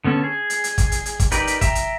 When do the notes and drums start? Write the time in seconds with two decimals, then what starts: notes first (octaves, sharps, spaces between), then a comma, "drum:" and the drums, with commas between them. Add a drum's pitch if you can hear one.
0.05 D3 B3 C#4 A4
0.23 G#4
0.50 drum: hi-hat
0.64 drum: hi-hat
0.78 drum: kick, hi-hat
0.92 drum: hi-hat
1.06 drum: hi-hat
1.19 drum: kick, hi-hat
1.31 D#4 G4 A#4 B4 D5, drum: hi-hat
1.47 drum: hi-hat
1.61 E5 G5 A#5, drum: kick, hi-hat
1.75 drum: hi-hat